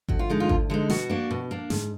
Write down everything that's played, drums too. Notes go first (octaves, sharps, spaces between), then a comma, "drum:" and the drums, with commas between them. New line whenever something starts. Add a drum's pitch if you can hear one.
D2 F#4, drum: kick G#1
F4
D3 G#3 D#4
F4
D2, drum: kick G#1
D3 G#3 D#4
B2 F#4, drum: snare
A#3 D4
B2
A#3 D4
G#2, drum: snare